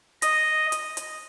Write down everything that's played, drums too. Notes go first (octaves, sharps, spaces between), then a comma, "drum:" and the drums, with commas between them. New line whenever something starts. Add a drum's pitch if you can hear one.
D#5, drum: hi-hat
drum: hi-hat
drum: hi-hat